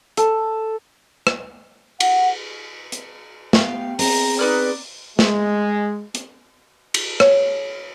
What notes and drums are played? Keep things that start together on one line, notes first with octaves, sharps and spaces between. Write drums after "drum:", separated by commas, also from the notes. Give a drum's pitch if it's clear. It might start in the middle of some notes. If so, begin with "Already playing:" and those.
A4, drum: hi-hat
drum: rim click
F#5, drum: cymbal
drum: hi-hat
B3 G4 F5, drum: snare
C4 G#4 A#5, drum: open hi-hat
D#4 B4 D5 F6
G#3, drum: snare
drum: hi-hat
drum: cymbal
C#5, drum: rim click